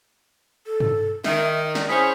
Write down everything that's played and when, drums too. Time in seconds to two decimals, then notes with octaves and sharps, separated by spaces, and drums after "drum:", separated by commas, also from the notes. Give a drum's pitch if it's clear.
0.66 A4
0.80 drum: tom G2
1.24 D#3 E5, drum: snare
1.75 D5, drum: snare
1.89 C#4 E4 G#4 C5